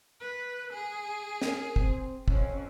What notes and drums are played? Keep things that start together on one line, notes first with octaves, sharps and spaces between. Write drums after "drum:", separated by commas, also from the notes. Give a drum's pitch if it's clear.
B4
G#4 G#5
A#4, drum: snare
C4, drum: kick
F2 C#4, drum: kick